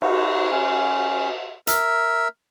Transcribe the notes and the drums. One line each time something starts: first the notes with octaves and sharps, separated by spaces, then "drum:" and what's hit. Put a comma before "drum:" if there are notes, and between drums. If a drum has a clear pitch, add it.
D#4 F#4, drum: cymbal
C#4
A#4 E5, drum: hi-hat